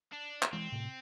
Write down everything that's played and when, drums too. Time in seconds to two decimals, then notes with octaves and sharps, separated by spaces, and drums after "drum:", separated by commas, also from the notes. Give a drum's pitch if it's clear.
0.13 D4
0.42 drum: clap
0.53 E3 G#3 C4
0.72 A2 C3